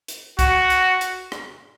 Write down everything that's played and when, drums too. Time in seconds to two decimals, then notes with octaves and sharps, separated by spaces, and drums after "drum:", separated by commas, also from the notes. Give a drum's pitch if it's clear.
0.08 drum: hi-hat
0.39 F#4, drum: kick C2, hi-hat
0.70 drum: hi-hat
1.01 drum: hi-hat
1.32 drum: rim click